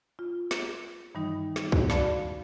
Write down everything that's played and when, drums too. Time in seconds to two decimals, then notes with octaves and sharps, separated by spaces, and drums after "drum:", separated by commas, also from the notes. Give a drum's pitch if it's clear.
0.19 F4
0.51 drum: snare
1.15 G2 D#3 E3 G3 D#4
1.56 drum: snare
1.72 F#4, drum: kick
1.90 D5 F5 A5 B5, drum: snare